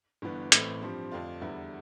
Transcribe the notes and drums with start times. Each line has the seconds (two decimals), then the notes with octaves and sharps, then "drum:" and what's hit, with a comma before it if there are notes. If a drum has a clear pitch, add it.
0.22 G1 G2 E3 B3
0.52 A1 A2 E3 A3 C4, drum: hi-hat
0.81 G2 F3 C4 G4
1.11 F2 D3 A3 D4 F4
1.41 E2 D3 G3 B3 E4